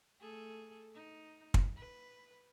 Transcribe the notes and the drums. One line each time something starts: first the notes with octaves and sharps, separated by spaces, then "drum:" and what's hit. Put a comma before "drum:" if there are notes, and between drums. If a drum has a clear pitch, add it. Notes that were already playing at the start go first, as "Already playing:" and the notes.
A3 G#4 A4
D#4
drum: kick
B4